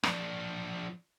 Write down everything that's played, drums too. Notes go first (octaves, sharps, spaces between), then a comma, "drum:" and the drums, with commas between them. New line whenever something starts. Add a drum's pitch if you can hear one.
F3 D4, drum: rim click